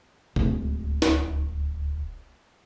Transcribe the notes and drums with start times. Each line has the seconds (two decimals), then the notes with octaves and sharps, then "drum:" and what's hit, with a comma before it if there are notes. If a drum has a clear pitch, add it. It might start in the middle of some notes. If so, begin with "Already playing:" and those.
0.36 D1 C#2, drum: tom C3
1.02 drum: snare